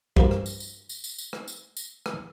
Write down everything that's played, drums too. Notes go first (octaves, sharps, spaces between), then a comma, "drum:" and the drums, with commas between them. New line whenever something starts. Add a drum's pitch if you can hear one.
G2 F3 A#3, drum: kick
drum: rim click
drum: tambourine
drum: tambourine
drum: tambourine
drum: tambourine
drum: tambourine
drum: rim click
drum: tambourine
drum: tambourine
drum: rim click